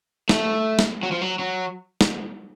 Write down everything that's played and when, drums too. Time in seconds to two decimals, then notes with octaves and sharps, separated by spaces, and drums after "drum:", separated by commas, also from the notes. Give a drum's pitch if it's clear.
0.29 A3, drum: snare
0.79 drum: snare
1.03 F#3
1.12 F3
1.22 F#3
1.39 F#3
2.01 drum: snare